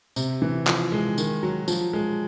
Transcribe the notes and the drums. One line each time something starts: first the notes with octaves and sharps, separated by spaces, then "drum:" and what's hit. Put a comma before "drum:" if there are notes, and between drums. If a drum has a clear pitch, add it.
C3, drum: tambourine
E3
F3, drum: clap
G#3
D#3, drum: tambourine
F#3
F3, drum: tambourine
G#3